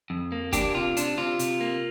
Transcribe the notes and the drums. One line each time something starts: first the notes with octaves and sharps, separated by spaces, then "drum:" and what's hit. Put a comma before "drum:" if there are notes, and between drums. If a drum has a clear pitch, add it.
F2
A#3
A#3 D4 G4, drum: kick, hi-hat
C3 F4
C3 D4, drum: hi-hat
C3 F4
C3, drum: hi-hat
A#3